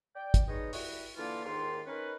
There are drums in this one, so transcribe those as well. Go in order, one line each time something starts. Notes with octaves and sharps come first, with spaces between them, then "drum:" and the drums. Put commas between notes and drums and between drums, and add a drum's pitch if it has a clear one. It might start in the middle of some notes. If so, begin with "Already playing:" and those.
D5 G5
drum: kick, hi-hat
G#3 B3 D#4 C#5 D#5
G3 E4 F#4, drum: open hi-hat
D3 E3 A#3 F4
D#2 G#2 D#3 F4 C6
C#4 D#4 A#4 B4